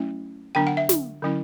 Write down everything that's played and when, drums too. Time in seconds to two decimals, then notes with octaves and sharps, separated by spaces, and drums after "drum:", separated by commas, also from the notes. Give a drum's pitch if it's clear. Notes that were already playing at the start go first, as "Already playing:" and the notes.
Already playing: F#3 A3 C#4 E4
0.55 D3 F#3 B3 D4 G5
0.67 F#5
0.77 E5
0.89 drum: snare
1.22 D3 F#3 C#4 E4